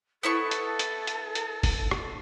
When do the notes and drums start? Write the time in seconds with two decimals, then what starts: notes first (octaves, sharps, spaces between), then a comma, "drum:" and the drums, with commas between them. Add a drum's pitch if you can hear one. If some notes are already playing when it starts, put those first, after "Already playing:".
0.23 B3 E4 A4 C#6
0.51 drum: hi-hat
0.79 drum: hi-hat
1.07 drum: hi-hat
1.35 drum: hi-hat
1.63 drum: kick, open hi-hat
1.91 drum: rim click